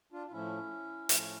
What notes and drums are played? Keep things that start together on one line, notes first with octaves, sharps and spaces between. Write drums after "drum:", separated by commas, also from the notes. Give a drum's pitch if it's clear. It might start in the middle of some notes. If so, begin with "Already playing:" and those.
D4 F4
F4
A2 F3 A3 C#4 E4
A2 F3 A3, drum: hi-hat